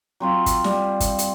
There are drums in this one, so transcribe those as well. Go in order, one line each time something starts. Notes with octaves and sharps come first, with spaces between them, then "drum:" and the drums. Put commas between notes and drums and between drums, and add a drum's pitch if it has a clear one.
F#3 C4 F4
drum: kick, hi-hat
G3, drum: snare
drum: kick, hi-hat
drum: hi-hat